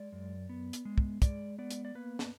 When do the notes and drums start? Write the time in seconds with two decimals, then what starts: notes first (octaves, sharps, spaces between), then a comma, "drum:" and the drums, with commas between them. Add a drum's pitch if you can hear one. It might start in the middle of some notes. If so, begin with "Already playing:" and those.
Already playing: G#3 D5
0.12 F#2
0.49 B3
0.73 drum: hi-hat
0.85 G#3
0.98 drum: kick
1.22 G#3 D5, drum: kick, hi-hat
1.58 B3 D5
1.71 drum: hi-hat
1.85 D5
1.95 A#3 B4
2.19 drum: snare